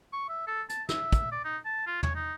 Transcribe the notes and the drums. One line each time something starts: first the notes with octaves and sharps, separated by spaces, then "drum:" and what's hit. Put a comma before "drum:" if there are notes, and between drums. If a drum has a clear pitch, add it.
C#6
E5
A4
A5, drum: hi-hat
E5, drum: snare
drum: kick, hi-hat
D5
D#4
A5
F4
C#5, drum: tom
D#4